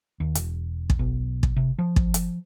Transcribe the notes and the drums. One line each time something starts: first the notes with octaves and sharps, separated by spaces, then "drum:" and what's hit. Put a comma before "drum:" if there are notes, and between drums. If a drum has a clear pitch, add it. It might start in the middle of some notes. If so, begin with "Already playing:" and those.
D#2
E1, drum: hi-hat
drum: kick
B1
drum: kick
C3
F3
drum: kick
drum: hi-hat